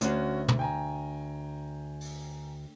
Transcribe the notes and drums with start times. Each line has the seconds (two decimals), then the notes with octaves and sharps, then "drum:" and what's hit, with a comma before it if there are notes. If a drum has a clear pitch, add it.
0.01 D2 C#4 F#4, drum: hi-hat
0.48 drum: tom
0.59 G5 G#5 A#5
2.01 drum: open hi-hat